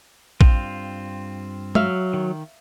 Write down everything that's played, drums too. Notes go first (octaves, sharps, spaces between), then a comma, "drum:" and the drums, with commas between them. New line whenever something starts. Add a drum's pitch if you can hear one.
G2 C4 F4, drum: kick
F#3 E5 F5, drum: tom
D#3